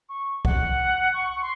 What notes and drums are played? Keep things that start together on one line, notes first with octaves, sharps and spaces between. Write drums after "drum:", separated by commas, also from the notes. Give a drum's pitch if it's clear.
C#6
F#5, drum: kick
C#6
C6